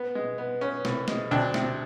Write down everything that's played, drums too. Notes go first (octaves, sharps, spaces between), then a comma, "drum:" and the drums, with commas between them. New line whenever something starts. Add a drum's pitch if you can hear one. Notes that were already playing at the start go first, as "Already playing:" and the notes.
Already playing: B3
G#3
B3
B3 C#4
C2, drum: snare
G#3, drum: snare
D2 C4 D4
C3, drum: snare